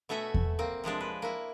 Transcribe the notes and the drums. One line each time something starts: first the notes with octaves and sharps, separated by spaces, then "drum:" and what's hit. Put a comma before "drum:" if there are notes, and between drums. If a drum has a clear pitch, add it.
B2 A3 F#4 E5 G#5
drum: kick E2
A#3 C4
C3 F3 G#3 D4
B4
A#3 E4